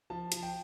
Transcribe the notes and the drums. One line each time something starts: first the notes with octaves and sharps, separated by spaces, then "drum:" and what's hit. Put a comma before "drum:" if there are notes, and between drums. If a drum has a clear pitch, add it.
F3 A5
F3, drum: hi-hat
G5